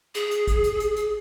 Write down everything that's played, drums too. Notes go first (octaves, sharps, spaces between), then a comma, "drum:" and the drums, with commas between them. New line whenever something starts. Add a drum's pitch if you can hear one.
G#4, drum: hi-hat
drum: hi-hat
drum: kick A1, hi-hat
drum: hi-hat
drum: hi-hat
drum: hi-hat